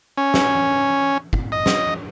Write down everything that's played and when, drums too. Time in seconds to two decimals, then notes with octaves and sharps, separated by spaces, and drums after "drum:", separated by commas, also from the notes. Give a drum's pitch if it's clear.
0.17 C#4
0.34 drum: snare
1.33 drum: kick
1.52 D#5
1.66 drum: snare